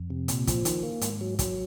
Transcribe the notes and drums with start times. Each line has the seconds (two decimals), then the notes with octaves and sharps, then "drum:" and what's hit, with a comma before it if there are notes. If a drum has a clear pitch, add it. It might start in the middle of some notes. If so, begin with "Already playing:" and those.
Already playing: F2
0.10 C3
0.28 A#2, drum: hi-hat
0.47 F3, drum: kick, hi-hat
0.65 D#3, drum: hi-hat
0.83 A#3
1.01 G#2, drum: hi-hat
1.21 F#3
1.39 F#3, drum: kick, hi-hat